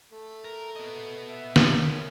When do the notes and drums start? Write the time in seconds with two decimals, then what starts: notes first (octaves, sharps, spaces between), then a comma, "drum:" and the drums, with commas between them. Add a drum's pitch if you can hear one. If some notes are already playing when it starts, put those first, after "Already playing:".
0.12 A3
0.44 A#4
0.76 B3 D#5
1.30 E5
1.56 drum: snare
1.74 C#4 A#4